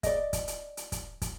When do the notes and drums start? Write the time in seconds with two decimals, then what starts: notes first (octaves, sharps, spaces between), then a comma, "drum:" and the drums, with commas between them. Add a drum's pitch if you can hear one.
0.03 D5 D#5, drum: kick, hi-hat
0.33 drum: kick, hi-hat
0.48 drum: hi-hat
0.77 drum: hi-hat
0.92 drum: kick, hi-hat
1.22 drum: kick, hi-hat